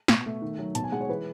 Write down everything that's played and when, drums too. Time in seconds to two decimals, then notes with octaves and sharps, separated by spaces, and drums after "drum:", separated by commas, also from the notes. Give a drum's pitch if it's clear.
0.08 B2 C#6, drum: snare
0.26 A3
0.42 D#3
0.59 F#3
0.75 B2 A5, drum: hi-hat
0.84 G#5
0.92 G#3 F#5
1.01 C#5
1.09 E3 B4